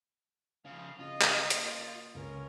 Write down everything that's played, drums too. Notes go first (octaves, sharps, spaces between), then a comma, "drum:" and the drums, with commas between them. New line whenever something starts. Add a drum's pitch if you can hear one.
C#3 F3 F5
C#3 F4 D#5
drum: clap
A#3 B6, drum: hi-hat
C#2 C#4 A#4